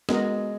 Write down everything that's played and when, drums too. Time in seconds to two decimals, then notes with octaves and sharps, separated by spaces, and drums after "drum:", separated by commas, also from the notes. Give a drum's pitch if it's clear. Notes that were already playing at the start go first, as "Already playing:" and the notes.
0.09 G#3 B3 F#4 A#4 D#5, drum: snare